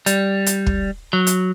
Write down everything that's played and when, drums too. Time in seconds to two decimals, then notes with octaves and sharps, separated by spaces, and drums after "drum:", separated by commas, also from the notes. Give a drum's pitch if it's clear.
0.06 G3, drum: hi-hat
0.46 drum: hi-hat
0.66 drum: kick
1.13 F#3
1.27 drum: hi-hat